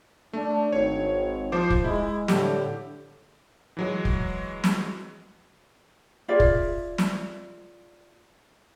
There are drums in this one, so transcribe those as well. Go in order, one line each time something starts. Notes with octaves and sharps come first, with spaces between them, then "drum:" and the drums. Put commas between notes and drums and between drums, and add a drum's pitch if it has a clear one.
A3 D4
G#1 C#5
F3 C5 D6
drum: kick
G#3 E4
A2 D3 G4, drum: snare
E3 F#3 G#3
drum: kick
drum: snare
F4 G#4 D5 E5
drum: kick
drum: snare